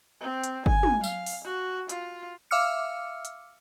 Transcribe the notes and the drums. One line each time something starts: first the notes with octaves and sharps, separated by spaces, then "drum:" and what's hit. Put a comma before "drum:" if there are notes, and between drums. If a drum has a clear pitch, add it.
C4
drum: hi-hat
G#5, drum: kick G1
drum: tom
F5, drum: tambourine
drum: open hi-hat
F#4
F4, drum: hi-hat
E5 F5 D6 E6 F6 C#7
drum: hi-hat